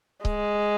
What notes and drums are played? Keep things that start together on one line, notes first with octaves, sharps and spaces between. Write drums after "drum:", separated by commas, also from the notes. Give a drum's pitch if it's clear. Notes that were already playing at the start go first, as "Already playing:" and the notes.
G#3, drum: kick C#1